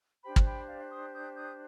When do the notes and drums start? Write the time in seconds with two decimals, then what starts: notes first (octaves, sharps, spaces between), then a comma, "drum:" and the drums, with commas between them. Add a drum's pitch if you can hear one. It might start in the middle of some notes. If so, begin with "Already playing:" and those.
0.22 D4 G4 C5 G5 B5
0.36 drum: kick
0.45 G5 B5
0.67 D5 F5
0.89 C6 D#6
1.12 D#6 G6
1.34 D#6 G6